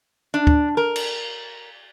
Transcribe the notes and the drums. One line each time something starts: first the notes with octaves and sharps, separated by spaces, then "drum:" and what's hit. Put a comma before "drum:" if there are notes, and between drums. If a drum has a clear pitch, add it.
D4
drum: kick
A#4
drum: cymbal